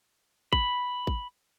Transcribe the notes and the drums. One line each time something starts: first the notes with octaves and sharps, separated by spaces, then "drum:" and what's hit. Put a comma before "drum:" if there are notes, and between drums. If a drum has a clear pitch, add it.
B5, drum: kick
drum: kick